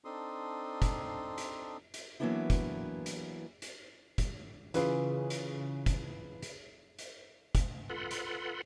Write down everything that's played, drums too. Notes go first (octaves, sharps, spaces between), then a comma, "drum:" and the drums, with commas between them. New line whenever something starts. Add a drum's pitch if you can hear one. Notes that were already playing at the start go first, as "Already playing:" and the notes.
C4 D4 D#4 A4 C6 D#6
drum: kick, hi-hat
drum: hi-hat
drum: hi-hat
E3 F#3 A#3 B3 D4 E4
drum: kick, hi-hat
drum: hi-hat
drum: hi-hat
drum: kick, hi-hat
C#3 E3 C#4 F4 G#4 B4, drum: hi-hat
drum: hi-hat
drum: kick, hi-hat
drum: hi-hat
drum: hi-hat
drum: kick, hi-hat
F4 A4 B4 F#5 B5 C6
drum: hi-hat